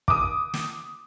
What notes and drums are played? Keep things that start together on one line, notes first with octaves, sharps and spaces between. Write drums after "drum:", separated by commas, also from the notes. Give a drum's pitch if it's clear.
D6 D#6, drum: kick
drum: snare